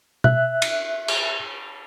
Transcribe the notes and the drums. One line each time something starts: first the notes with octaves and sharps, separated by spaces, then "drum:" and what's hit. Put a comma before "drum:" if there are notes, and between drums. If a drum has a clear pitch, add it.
E5 F#6, drum: tom B2
drum: cymbal
drum: cymbal